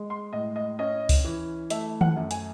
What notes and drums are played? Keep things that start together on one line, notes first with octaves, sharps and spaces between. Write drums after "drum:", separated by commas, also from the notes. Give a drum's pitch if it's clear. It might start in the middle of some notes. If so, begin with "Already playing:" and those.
Already playing: G#3
C6
A2 D#5
D#5
C#4 D#5
drum: kick C#2, open hi-hat
E3
A3 E5, drum: hi-hat
F#5, drum: tom D#3
F#2
G#5, drum: hi-hat